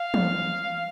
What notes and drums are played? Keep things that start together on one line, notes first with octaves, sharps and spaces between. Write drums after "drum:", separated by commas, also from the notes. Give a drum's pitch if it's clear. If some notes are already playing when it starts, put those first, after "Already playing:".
Already playing: F5
drum: tom